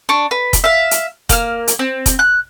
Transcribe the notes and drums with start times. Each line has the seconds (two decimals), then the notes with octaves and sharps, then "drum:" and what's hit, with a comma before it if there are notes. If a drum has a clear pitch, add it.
0.09 D4 C#6
0.31 B4
0.53 drum: kick F1, hi-hat
0.64 E5 F5
0.91 drum: hi-hat
1.29 A#3 F6, drum: kick F1, hi-hat
1.68 drum: hi-hat
1.79 C4
2.06 drum: kick F1, hi-hat
2.19 F#6